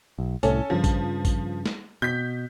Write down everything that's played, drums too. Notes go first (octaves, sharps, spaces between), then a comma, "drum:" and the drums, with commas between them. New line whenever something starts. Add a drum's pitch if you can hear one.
B1
C2 A2 C#4 A4, drum: tambourine
G2 C#3 F3
drum: kick A1, tambourine
drum: kick A1, tambourine
drum: snare
B2 G6 B6